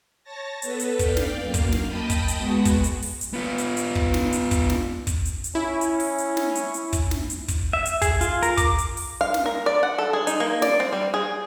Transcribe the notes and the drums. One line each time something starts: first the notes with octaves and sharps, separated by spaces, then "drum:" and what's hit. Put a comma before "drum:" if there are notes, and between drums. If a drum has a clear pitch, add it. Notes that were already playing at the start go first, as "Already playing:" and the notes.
C#5 A5 A6 A#6
B3 A4 B4, drum: hi-hat
drum: hi-hat
D5 F5 G5, drum: kick, hi-hat
drum: snare
F#2 A#3 F5
drum: kick, hi-hat
drum: snare
D#5 G5 A5 B5 D#6
drum: kick, hi-hat
drum: hi-hat
G#3 B3 F#4
drum: kick, hi-hat
drum: hi-hat
drum: open hi-hat
drum: hi-hat
B3 F4
drum: hi-hat
drum: hi-hat
drum: kick
drum: snare
drum: hi-hat
drum: kick, hi-hat
drum: snare
drum: kick, hi-hat
drum: hi-hat
drum: hi-hat
C#4 E4
drum: hi-hat
drum: open hi-hat
drum: hi-hat
drum: snare
drum: hi-hat
drum: hi-hat
drum: kick, hi-hat
drum: snare
drum: hi-hat
drum: kick, hi-hat
E5
drum: hi-hat
G#4, drum: kick, hi-hat
F4, drum: hi-hat
A#4, drum: hi-hat
D6, drum: kick, hi-hat
drum: hi-hat
drum: open hi-hat
F5
drum: snare
A#4
D5
F#5
A4
G#4
D#4, drum: hi-hat
A#3
D5, drum: snare
C4
G3
G#4